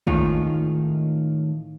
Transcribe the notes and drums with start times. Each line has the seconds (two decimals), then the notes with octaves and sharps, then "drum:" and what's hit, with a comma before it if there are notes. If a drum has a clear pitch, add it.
0.07 A2 D#3 G#3 C#4 D#4 F4, drum: kick